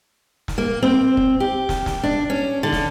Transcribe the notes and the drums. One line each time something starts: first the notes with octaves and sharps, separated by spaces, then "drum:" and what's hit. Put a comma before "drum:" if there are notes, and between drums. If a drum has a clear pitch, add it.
drum: snare
A#3
C4
drum: kick
G4
drum: snare
drum: snare
D4
C#4
D3
drum: snare